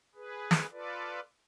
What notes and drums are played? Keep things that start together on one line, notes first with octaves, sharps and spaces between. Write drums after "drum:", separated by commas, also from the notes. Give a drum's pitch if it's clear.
G#4 B4
drum: snare
F4 A4 B4 D5